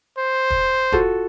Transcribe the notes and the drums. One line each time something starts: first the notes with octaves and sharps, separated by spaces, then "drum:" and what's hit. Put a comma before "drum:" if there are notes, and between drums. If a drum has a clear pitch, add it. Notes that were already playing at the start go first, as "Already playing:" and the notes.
C5
drum: kick
F4 F#4 A4, drum: kick